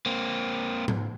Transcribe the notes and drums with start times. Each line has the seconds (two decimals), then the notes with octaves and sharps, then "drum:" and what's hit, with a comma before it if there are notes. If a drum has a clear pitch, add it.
0.06 A#3 C4
0.88 drum: tom G#2